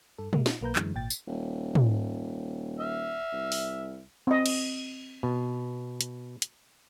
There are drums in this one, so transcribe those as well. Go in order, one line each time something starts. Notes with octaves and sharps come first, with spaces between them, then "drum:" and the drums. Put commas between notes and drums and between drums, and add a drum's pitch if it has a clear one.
G2 A4
A#2 G#3 A#3, drum: tom
D#4 F4, drum: snare
B1 A#3 B4 A#5 G6
F#2 D3 E3 G#3, drum: clap
G#1 A#2 G5 A6
drum: tambourine
D#1
drum: tom
E5 F6
C2
drum: open hi-hat
C4 D#5
drum: cymbal
B2
drum: hi-hat
drum: hi-hat